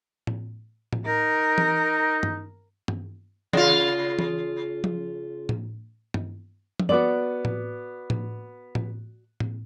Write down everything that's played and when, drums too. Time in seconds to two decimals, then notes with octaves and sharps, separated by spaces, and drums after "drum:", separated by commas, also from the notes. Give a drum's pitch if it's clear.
0.27 drum: tom A2
0.93 drum: tom A2
1.06 D#4 A#4
1.58 drum: tom E3
2.23 drum: tom G2
2.88 drum: tom G2
3.53 C#3 F4, drum: tom E3
4.19 drum: tom E3
4.84 drum: tom F3
5.49 drum: tom A2
6.14 drum: tom G2
6.80 drum: tom F3
6.89 B3 F#4 D5 D6 F#7
7.45 drum: tom A2
8.10 drum: tom A2
8.75 drum: tom A2
9.40 drum: tom A2